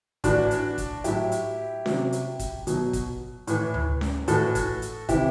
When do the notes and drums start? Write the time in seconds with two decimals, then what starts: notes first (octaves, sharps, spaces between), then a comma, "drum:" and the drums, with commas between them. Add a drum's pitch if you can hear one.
0.24 A2 E3 D4 F#4, drum: kick, hi-hat
0.51 drum: hi-hat
0.78 drum: kick, hi-hat
1.04 A2 F#3 E4 G4, drum: hi-hat
1.32 drum: hi-hat
1.86 C3 F#3, drum: snare C#4
2.12 drum: hi-hat
2.39 drum: kick, hi-hat
2.67 B2 F#3, drum: hi-hat
2.93 drum: kick, hi-hat
3.47 A2 E3, drum: hi-hat
3.74 drum: tom D2
4.01 drum: snare C#4
4.28 A2 E3 F#4 A4, drum: hi-hat
4.55 drum: kick, hi-hat
4.82 drum: hi-hat
5.09 C3 E3 E4 G4, drum: kick, hi-hat